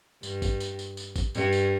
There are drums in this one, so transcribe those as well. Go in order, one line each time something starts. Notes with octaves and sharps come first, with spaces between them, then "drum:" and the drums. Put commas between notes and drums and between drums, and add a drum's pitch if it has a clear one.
G2, drum: tambourine
drum: kick, tambourine
drum: tambourine
drum: tambourine
drum: tambourine
drum: kick, tambourine
G2, drum: tambourine
drum: tambourine